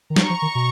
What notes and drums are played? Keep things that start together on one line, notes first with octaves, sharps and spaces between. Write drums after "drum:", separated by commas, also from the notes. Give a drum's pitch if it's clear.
D#3
F3 A#5 C#6, drum: snare
F3
D#3
B2